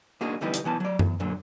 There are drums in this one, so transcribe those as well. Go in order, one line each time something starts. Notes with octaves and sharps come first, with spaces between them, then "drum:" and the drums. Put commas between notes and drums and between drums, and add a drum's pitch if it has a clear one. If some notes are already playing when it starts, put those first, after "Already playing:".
A#3 D4 D#4 F#4 G#4
D2 B2 E3 G3 B3 D#4
drum: hi-hat
B1 E3 B3 A5
F#3 D5
E2, drum: tom F#2
A#2 D3 F#3